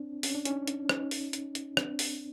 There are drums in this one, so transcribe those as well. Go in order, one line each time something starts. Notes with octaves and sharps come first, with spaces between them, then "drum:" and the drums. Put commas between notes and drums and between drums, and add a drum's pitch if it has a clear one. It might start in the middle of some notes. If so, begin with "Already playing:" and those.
Already playing: C4 D4
C#4, drum: open hi-hat
D4
C#4 D#4, drum: hi-hat
drum: hi-hat
C#4 D#4, drum: rim click
drum: open hi-hat
drum: hi-hat
drum: hi-hat
C4 D4, drum: rim click
drum: open hi-hat